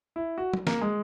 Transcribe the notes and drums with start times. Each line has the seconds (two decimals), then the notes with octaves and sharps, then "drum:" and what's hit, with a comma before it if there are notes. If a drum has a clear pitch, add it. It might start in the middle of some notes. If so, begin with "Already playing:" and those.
0.16 E4
0.38 F#4
0.54 drum: tom
0.67 A#3, drum: snare
0.81 G#3